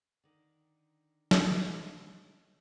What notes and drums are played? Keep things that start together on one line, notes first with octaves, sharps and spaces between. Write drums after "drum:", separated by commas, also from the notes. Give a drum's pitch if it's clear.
D3 D#3
drum: snare